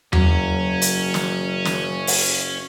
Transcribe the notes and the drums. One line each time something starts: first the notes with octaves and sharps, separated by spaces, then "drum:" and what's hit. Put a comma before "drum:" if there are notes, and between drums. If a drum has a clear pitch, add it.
F#1 F#3 C#4, drum: tom E2
drum: hi-hat
drum: snare
drum: snare
drum: open hi-hat